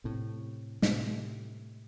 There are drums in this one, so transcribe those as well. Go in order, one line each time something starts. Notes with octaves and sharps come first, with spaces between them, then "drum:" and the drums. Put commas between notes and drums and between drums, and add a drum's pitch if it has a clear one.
A2 C3
A2 C3, drum: snare